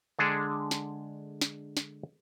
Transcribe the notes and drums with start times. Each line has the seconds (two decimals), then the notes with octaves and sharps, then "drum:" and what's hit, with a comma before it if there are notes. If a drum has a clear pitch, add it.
0.19 D3 G#3 D4 G#4 A4
0.71 drum: snare
1.41 drum: snare
1.77 drum: snare